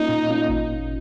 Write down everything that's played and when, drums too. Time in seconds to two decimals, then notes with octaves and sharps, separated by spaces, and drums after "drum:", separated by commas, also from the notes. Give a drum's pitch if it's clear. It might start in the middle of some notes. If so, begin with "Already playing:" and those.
Already playing: A#3 C#4 D#4 F4
0.09 A#2
0.29 A#3 C#4 F4
0.49 drum: kick G#1